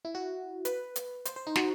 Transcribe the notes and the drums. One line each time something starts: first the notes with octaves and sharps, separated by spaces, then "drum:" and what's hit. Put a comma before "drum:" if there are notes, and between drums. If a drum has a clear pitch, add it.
E4
F#4
B4, drum: hi-hat
drum: hi-hat
C5, drum: hi-hat
C5
D#4
F#4, drum: snare